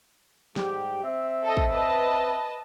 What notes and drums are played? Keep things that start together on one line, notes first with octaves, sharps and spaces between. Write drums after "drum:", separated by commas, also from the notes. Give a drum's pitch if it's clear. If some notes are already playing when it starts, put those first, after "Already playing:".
G#2 G3 G4, drum: snare
C4 E5
A4 D#5
drum: kick
B4 D#5 A5